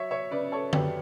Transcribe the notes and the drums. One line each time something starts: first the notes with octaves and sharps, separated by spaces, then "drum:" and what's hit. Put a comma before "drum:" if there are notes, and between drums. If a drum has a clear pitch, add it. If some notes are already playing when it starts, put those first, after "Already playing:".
Already playing: F#3 C#5 E5
C#5 E5
C#3 B4 D5
A4 C#5
F#2 G4 B4, drum: tom D3